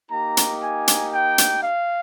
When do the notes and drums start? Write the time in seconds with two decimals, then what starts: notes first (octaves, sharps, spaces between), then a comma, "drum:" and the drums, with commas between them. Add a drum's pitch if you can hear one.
0.11 A#3 D#4 G4 A#5
0.37 drum: hi-hat
0.62 G#5
0.88 drum: hi-hat
1.13 G5
1.38 drum: hi-hat
1.63 F5